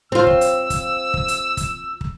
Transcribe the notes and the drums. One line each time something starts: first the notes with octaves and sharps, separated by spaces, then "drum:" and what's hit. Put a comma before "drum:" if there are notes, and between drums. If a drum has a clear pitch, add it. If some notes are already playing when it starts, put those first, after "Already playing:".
C4 F4 E6
drum: kick
drum: hi-hat
drum: kick, hi-hat
drum: kick
drum: hi-hat
drum: kick, hi-hat
drum: kick